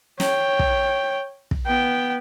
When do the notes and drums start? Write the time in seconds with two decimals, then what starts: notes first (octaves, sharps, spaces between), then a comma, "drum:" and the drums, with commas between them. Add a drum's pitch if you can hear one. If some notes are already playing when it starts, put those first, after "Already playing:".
0.20 C#5 G5, drum: snare
0.59 drum: kick
1.51 drum: kick
1.66 B3 G5